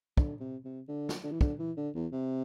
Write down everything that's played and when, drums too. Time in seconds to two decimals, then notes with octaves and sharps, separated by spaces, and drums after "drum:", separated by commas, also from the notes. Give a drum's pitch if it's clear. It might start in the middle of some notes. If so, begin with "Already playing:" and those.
0.17 D3, drum: kick
0.40 C3
0.64 C3
0.88 D3
1.09 drum: snare
1.24 D3
1.32 E3
1.41 D3, drum: kick
1.59 E3
1.77 D3
1.95 E2
2.12 C3